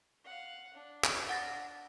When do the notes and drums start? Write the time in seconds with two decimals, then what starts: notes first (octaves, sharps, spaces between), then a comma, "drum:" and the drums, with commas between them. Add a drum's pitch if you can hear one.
0.24 F5 F#5
0.74 D4
1.04 drum: clap
1.29 F#5 A6 A#6